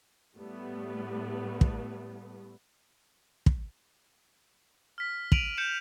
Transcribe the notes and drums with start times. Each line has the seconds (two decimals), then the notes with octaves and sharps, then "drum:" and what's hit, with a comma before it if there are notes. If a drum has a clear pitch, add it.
0.36 A2 G3 A3 B3
1.61 drum: kick
3.46 drum: kick
4.98 F6 B6
5.32 D7 D#7 F7 F#7, drum: kick
5.58 G6 C#7 E7